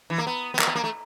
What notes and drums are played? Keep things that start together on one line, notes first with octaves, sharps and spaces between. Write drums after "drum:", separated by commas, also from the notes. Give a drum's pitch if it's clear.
E3
A#3
B3
B3
A#3, drum: clap
B3
A#3
A3